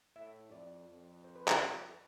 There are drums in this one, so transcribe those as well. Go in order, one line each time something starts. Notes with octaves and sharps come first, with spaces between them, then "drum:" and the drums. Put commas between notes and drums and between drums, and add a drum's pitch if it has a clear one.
A2 E5
F2 D5
F2
C5
B4
A4, drum: clap